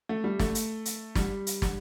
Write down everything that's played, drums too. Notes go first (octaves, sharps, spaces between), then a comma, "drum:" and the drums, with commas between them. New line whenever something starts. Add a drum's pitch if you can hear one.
A3
G3
A3, drum: snare
drum: hi-hat
drum: hi-hat
G3, drum: snare
drum: hi-hat
drum: snare